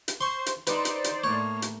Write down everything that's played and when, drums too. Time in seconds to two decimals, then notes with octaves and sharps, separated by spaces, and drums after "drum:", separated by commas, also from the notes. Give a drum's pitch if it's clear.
0.08 drum: hi-hat
0.21 C5 C6 C#6
0.46 drum: hi-hat
0.67 D#4 B4 C5 D5, drum: hi-hat
0.85 drum: hi-hat
1.04 drum: hi-hat
1.24 A2 A#3 C#5
1.62 drum: hi-hat